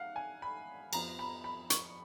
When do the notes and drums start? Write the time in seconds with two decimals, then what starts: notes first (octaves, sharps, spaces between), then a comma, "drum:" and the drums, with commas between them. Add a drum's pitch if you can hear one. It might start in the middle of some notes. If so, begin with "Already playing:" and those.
Already playing: G#2 F5 F#5
0.16 G#5
0.42 B5
0.93 F2 F3 B3 A#5, drum: cymbal
1.19 B5
1.44 B5
1.70 C#6, drum: hi-hat